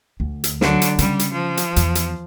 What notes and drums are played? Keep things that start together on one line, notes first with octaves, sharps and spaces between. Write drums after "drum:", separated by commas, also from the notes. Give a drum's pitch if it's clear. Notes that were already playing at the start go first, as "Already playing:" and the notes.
D2
drum: hi-hat
D3 F#3, drum: snare
drum: hi-hat
C#3 G3, drum: hi-hat
drum: hi-hat
F3
drum: hi-hat
E2, drum: hi-hat
drum: hi-hat